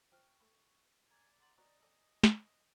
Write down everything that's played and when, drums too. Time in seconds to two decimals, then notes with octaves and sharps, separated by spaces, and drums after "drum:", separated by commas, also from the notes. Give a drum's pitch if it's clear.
0.12 F3 G5 C#6 F6 F#6
0.40 A3 B5
1.11 D5 G#5 A#5 G#6
1.40 F#5 A#5 C6 D6 A6 F#7
1.58 B3 F#4 D5 D#5 G#5 A#5
1.82 A4 D5 G5 G#5
2.23 drum: snare